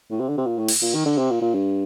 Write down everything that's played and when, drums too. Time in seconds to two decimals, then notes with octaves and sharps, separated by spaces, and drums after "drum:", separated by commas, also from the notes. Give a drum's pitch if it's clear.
0.11 A2
0.19 C3
0.29 D3
0.37 C3
0.46 A#2
0.58 A2
0.68 drum: cymbal
0.82 A#2
0.94 D#3
1.05 D3
1.18 C3
1.31 A#2
1.41 A#2
1.54 G2